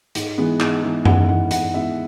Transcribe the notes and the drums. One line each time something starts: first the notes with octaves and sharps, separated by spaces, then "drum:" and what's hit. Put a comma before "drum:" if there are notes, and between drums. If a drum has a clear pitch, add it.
G#2, drum: hi-hat
E3 G#3 B3
G#2, drum: clap
E3 G#3 B3
G#2 F#5, drum: tom F#2
E3 G#3 B3 F#5
G#2 F#5, drum: hi-hat
E3 G#3 B3 E5